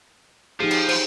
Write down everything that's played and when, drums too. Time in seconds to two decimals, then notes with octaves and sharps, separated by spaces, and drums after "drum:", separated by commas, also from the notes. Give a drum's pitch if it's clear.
0.60 F3 D#4 G4 G#4
0.71 drum: cymbal
0.89 C5, drum: cymbal